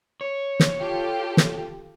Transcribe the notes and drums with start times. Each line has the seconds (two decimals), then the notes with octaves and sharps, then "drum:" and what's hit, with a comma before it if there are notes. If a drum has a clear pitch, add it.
0.21 C#5
0.60 drum: snare
0.79 F4 G4 A4
1.37 drum: snare